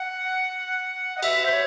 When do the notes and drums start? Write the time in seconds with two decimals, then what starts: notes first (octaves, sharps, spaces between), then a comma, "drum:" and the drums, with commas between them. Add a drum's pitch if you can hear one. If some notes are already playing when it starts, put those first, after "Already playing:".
Already playing: F#5
1.18 D#5
1.23 E5, drum: cymbal
1.45 C5
1.51 C#5